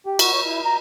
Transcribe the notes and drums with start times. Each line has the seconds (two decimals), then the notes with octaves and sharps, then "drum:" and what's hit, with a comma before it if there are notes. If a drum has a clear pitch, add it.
0.06 G4
0.19 F#4, drum: cymbal
0.32 C#5
0.46 E4
0.65 A#5